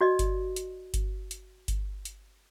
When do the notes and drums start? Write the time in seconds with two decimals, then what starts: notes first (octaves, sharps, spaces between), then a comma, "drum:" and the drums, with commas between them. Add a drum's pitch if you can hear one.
0.01 F#4 D5 D#5
0.19 drum: kick G1, hi-hat
0.56 drum: hi-hat
0.94 drum: kick G1, hi-hat
1.31 drum: hi-hat
1.68 drum: kick G1, hi-hat
2.05 drum: hi-hat